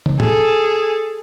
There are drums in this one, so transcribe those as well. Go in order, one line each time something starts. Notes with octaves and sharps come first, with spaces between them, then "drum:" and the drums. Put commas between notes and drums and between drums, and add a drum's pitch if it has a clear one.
drum: tom
G#4 A4, drum: tom